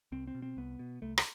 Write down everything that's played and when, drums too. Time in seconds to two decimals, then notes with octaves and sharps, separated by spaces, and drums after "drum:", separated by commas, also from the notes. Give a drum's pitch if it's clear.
0.12 C2 C4
0.27 C4
0.35 B2
0.42 C4
0.57 C2 B3
0.79 B2
1.02 C2 A3
1.18 drum: rim click